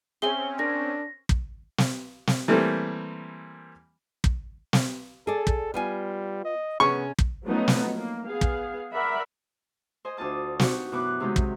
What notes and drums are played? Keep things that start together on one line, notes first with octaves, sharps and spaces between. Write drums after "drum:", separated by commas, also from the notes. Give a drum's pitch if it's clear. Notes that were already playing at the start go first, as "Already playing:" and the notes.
C4 C#4 G#4 E5 G#5 G7
D4 A#4 A#6
drum: kick
drum: snare
drum: snare
E3 G3 A3 A#3 C4
drum: kick
drum: snare
G#4 A4 D5
drum: kick
G3 B3 F4 G#5
D#5
C3 B3 C#4 G#4 C#6
drum: kick
F3 F#3 A3 B3 C#4 D#4
drum: snare
A#3
B3 G#4 F5
drum: kick
A#4 D5 E5 F#5 B5
C5 D#5 G#5
D2 D4 F4 A5 D#6
D#4 F#4 G4 C#6, drum: snare
F#2 B2 E3 B4 D6 F#6
C3 D#3 F#3 G#3 D#4 G4
drum: kick